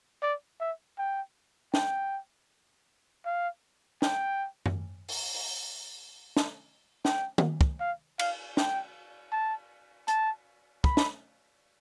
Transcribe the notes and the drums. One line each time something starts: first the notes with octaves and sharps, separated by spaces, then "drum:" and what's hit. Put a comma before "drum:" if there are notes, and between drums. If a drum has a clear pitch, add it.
D5
E5
G5
G5, drum: snare
F5
G5, drum: snare
drum: tom F#2
drum: open hi-hat
drum: open hi-hat
drum: snare
G5, drum: snare
drum: tom D#3
drum: kick
F5
F5, drum: cymbal
G5, drum: snare
A5
A5, drum: hi-hat
B5, drum: kick
drum: snare